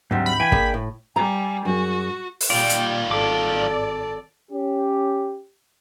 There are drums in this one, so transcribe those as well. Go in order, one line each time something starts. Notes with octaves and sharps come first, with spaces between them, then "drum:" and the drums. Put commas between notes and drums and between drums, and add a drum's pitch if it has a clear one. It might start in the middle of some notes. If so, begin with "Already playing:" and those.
D2 G#2 F#3 G3 C4
B5
E3 G5 G#5
A#3 D4 G#4, drum: kick
A2
G3 G#5 A#5
F#2 F#4 G#4
drum: open hi-hat
A#2 D#3 G3 F4 D5 G5
drum: hi-hat
G#1 A4 D5 D6
C#4 G4